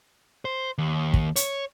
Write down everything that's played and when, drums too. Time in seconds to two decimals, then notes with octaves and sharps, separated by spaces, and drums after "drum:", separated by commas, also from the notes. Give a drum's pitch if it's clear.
0.45 C5
0.78 D#2
1.14 drum: kick
1.36 C#5, drum: hi-hat